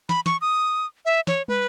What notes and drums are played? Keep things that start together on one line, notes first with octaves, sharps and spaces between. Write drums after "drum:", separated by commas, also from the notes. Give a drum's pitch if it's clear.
B5, drum: snare
C#6, drum: snare
D#6
E5
C#5, drum: snare
B4, drum: tom